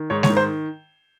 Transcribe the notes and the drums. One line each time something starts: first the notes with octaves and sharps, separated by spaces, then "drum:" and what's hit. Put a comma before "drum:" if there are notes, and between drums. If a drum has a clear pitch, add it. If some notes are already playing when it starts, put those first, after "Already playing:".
Already playing: D#3
G#2 C#5
C#5, drum: snare G#3
D#3
C5